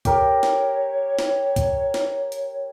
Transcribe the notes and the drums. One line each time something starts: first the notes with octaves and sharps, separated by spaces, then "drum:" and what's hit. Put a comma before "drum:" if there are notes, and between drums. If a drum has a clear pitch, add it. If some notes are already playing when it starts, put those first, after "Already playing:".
G4 A#4 C#5, drum: kick, hi-hat
drum: snare
drum: snare
drum: kick, hi-hat
drum: snare
drum: hi-hat